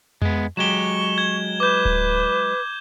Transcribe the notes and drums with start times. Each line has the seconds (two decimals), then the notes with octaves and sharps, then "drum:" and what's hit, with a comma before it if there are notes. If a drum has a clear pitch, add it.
0.22 G#3 B3, drum: tom F2
0.57 F#3 G#3 G4 C#6 E7 G7
1.18 G#6
1.60 B4 D6 G6
1.85 drum: kick D1